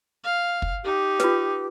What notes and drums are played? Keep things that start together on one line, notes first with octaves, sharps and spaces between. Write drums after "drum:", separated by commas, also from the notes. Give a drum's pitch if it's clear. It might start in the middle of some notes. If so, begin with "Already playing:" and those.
F5
drum: kick
D#4 G4
F4 B4, drum: snare